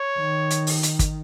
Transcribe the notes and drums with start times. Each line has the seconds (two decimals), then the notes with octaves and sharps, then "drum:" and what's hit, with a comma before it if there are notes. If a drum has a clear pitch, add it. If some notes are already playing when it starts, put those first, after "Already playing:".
Already playing: C#5
0.19 D#3
0.50 drum: hi-hat
0.67 drum: open hi-hat
0.83 drum: hi-hat
0.99 drum: kick, hi-hat